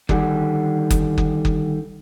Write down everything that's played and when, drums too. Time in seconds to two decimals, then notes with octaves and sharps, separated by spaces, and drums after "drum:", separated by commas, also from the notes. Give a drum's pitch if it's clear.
0.09 D3 D#3 G3 G#4 F#5, drum: kick F#1
0.91 drum: kick F#1, hi-hat
1.18 drum: kick F#1
1.45 drum: kick F#1